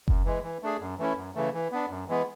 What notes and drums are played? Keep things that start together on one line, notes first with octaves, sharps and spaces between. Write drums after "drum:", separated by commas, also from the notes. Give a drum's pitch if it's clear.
F#2, drum: kick F#1
E3 G#3
E3
A3 D4 G#4
F#2
E3 A3 C#4 E4
F#2
C#3 E3 A3
E3
B3 D4
F#2
E3 G#3 B3